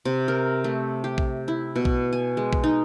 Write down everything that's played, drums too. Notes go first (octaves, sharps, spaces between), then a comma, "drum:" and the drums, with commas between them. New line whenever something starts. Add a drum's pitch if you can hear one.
C3
A#4
A3
G4
drum: kick A#1
E4
B2
drum: kick A#1
G#5
G#3
drum: kick A#1
D#4